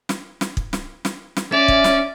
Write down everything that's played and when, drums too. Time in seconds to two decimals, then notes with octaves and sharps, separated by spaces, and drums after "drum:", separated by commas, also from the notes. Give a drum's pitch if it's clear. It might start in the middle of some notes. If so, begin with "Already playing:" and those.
0.09 drum: snare
0.41 drum: snare
0.57 drum: kick
0.73 drum: snare
1.05 drum: snare
1.36 drum: snare
1.52 C#4 D5 E5
1.68 drum: kick
1.84 drum: snare